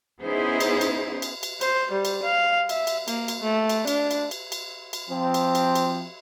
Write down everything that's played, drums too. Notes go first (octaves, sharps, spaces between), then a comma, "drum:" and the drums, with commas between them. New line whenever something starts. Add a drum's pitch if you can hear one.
B3 C#4 D#4 E4 G#4 C5
drum: cymbal
drum: cymbal
drum: cymbal
drum: cymbal
C5, drum: cymbal
G3
drum: cymbal
F5
E5, drum: cymbal
drum: cymbal
A#3, drum: cymbal
drum: cymbal
A3
drum: cymbal
D4, drum: cymbal
drum: cymbal
drum: cymbal
drum: cymbal
drum: cymbal
F3 C4
drum: cymbal
drum: cymbal
drum: cymbal